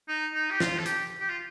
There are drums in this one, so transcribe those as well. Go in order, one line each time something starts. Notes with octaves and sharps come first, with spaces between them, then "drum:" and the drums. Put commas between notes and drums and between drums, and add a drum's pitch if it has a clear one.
D#4
D#4
G4
F4, drum: snare
A4
G4, drum: hi-hat
G4
F4